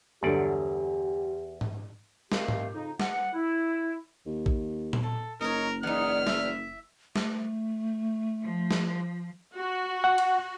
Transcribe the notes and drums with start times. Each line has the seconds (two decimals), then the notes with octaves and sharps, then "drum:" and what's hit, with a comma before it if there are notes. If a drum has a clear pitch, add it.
0.23 E2 G2 D3 F#3 G4 D5
1.61 drum: tom G#2
2.32 D#3 A3 C4 G4 F5, drum: snare
2.48 drum: tom G#2
2.74 F2 C#3 D#4
3.00 F#5, drum: snare
3.34 E4
4.26 D#2
4.46 drum: kick
4.93 drum: tom A#2
5.03 A4
5.41 F#1 D#4 A#4 C#5
5.83 E2 D#4 F#5 F6
6.27 E5, drum: snare
7.16 A3, drum: snare
8.43 F3
8.71 drum: snare
9.55 F#4
10.04 F#5
10.18 drum: cymbal